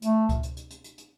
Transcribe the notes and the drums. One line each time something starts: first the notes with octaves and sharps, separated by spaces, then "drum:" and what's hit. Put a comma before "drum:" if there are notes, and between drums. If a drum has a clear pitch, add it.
A3, drum: hi-hat
drum: kick C#2, hi-hat
drum: hi-hat
drum: hi-hat
drum: hi-hat
drum: hi-hat
drum: hi-hat